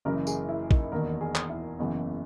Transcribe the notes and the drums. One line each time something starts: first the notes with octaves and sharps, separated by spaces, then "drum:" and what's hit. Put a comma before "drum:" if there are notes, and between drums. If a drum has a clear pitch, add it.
F#1 F#2 C#3 E3 A#4
G#4, drum: tambourine
E4
D#4, drum: kick
E1 D#2 D#3 A#4
G#4
drum: clap
E4
F#1 E2 C#3 E3